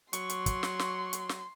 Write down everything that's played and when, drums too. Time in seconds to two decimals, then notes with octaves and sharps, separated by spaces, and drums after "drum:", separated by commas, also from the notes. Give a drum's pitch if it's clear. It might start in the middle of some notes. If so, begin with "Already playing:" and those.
0.13 F#3 C6 C#6, drum: hi-hat
0.30 drum: hi-hat
0.46 drum: kick, hi-hat
0.63 drum: snare
0.79 drum: snare
1.13 drum: hi-hat
1.29 drum: snare